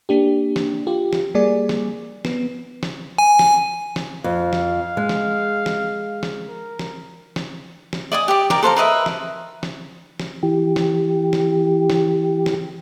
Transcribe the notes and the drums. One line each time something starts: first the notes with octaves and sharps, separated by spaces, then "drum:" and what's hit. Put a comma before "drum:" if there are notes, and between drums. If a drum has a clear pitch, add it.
A#3 D4 G4
drum: snare
F4 G4
drum: snare
G3 A#3 G#4 D5
drum: snare
B3, drum: snare
drum: snare
G#5
drum: snare
drum: snare
F2 F5
drum: snare
G#3
drum: snare
drum: snare
drum: snare
A#4
drum: snare
drum: snare
drum: snare
D5 D#5 G#5 D#6
G4 D5
G4 A#4 D5, drum: snare
A4 C5 F5 A#5
A#4 B4 D#5 E5
drum: snare
drum: snare
drum: snare
E3 G4
drum: snare
drum: snare
drum: snare
drum: snare